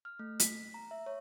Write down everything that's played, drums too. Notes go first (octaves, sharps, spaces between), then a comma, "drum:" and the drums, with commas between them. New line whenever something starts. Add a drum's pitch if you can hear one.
F6
A3
B6, drum: hi-hat
A#5
E5
C#5